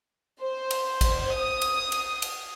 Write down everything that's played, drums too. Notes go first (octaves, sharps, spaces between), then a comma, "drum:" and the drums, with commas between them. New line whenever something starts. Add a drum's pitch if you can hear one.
C5
drum: cymbal
drum: kick A#1, cymbal
D#6
drum: cymbal
drum: cymbal
drum: cymbal